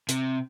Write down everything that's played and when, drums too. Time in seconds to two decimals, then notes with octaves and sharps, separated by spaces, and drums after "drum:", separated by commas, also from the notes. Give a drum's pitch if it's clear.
0.09 C3, drum: hi-hat